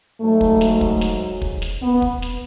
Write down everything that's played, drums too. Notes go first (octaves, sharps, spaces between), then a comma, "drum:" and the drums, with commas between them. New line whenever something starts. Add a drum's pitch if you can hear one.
G#2 F#3 A3
drum: kick
drum: snare
drum: kick
drum: snare
drum: kick
drum: snare
B3
drum: kick
drum: snare